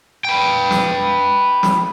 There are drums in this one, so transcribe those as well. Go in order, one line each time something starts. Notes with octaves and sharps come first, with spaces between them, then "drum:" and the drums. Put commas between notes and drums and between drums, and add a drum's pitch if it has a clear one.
B4 G5
drum: snare
drum: snare